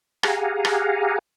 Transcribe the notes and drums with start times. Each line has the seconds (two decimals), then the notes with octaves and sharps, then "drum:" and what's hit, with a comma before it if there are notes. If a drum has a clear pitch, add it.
0.23 G4 G#4 F5 F#5 G#5 A#5, drum: rim click
0.65 drum: rim click